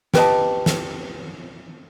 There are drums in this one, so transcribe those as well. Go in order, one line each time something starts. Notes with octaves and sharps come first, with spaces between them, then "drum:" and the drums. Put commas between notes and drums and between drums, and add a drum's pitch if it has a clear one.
G4 B4 D#5 A5, drum: snare
drum: snare